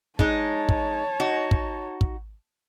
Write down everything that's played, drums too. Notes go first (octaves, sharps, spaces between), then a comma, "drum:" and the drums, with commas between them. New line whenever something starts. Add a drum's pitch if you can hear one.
G#3 D#4 C#5 A5, drum: kick
drum: kick
D#4 F#4
drum: kick
drum: kick